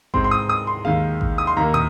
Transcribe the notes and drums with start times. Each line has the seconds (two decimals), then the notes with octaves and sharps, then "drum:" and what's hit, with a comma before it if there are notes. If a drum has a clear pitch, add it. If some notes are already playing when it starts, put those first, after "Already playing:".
0.14 G#2 G#3 C4 C6, drum: kick A1
0.24 C6
0.31 D#6
0.49 D#6
0.67 C6
0.85 D#2 D#3 G#3 F5
1.21 drum: kick A1
1.38 D#6
1.47 C6
1.57 D#2 D#3 A#3 A#5
1.74 D#6, drum: tom